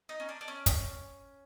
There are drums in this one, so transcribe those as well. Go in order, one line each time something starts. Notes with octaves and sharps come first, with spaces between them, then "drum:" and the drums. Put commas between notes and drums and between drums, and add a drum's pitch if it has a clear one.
D#4
C#4
D4
D4
C#4
drum: kick, hi-hat